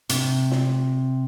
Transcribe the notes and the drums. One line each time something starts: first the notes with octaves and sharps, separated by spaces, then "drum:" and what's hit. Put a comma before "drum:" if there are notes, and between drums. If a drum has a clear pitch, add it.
C3, drum: hi-hat
drum: snare